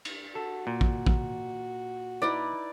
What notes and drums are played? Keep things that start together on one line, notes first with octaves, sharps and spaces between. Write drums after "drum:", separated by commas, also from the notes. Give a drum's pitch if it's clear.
drum: cymbal
F#4 A4
A#2
drum: kick
drum: kick
D#4 E4 B4 D5